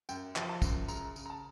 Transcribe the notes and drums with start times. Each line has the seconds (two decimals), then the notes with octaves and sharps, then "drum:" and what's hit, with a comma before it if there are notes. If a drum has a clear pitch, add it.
0.09 F#2 G5, drum: tambourine
0.36 F3, drum: clap
0.49 A5
0.62 F#2, drum: kick, tambourine
0.88 C#3 A#5, drum: tambourine
1.16 C#3, drum: tambourine
1.26 A#5
1.30 A5